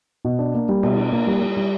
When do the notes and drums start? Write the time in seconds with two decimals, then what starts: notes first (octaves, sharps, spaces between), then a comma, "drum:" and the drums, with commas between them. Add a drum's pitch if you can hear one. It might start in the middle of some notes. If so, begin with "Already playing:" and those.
0.25 B2
0.39 D4
0.54 A#3
0.69 G3
0.83 B2, drum: cymbal
0.97 D4
1.12 A#3
1.27 G3
1.42 G3
1.57 G3